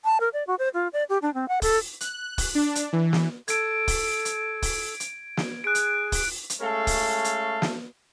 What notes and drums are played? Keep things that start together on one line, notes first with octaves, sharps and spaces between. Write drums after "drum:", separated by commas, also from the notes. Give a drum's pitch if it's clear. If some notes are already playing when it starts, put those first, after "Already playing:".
A5
A#4
D5
F#4
C5
F4
D5
G4
D4
C4
F#5
A4, drum: kick, open hi-hat
F#6, drum: hi-hat
drum: kick, open hi-hat
D4
drum: hi-hat
E3
drum: snare
A4 G#6 D7, drum: hi-hat
drum: kick, open hi-hat
drum: hi-hat
drum: kick, open hi-hat
drum: hi-hat
drum: snare
G#4 F#6 D7
drum: hi-hat
drum: kick, open hi-hat
drum: hi-hat
G#3 A3 C#4 A4 F5
drum: kick, open hi-hat
drum: hi-hat
drum: snare